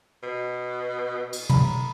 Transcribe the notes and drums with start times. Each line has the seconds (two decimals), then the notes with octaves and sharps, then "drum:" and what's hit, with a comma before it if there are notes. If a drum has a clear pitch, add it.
0.23 B2
1.33 drum: cymbal
1.50 A#5 B5, drum: tom